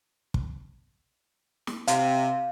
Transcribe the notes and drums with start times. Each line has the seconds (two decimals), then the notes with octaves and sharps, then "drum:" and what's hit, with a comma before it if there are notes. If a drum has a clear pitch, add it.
0.34 drum: kick
1.67 drum: snare
1.88 C3 F5, drum: hi-hat